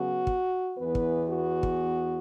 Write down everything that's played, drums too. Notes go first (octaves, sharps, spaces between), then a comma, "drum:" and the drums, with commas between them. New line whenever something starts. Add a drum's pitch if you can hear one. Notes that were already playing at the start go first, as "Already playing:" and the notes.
Already playing: C#3 F#3 B3 F#4
drum: kick
E2 E3 B3 B4
drum: kick
F#4
drum: kick